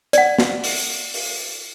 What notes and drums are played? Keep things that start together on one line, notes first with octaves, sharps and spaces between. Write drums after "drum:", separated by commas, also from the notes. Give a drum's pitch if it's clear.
D5 F#5, drum: hi-hat
drum: snare
drum: open hi-hat
drum: open hi-hat